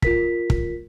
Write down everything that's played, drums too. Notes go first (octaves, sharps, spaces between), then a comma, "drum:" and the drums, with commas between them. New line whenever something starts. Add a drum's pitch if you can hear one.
F4 A#4 B6, drum: kick
drum: kick